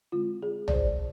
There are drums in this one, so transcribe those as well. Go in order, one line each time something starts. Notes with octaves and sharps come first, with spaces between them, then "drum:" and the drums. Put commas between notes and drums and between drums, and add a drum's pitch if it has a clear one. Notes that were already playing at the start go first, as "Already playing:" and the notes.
D3 G#3 C4 F4
G#4
D5, drum: tom A#1
C5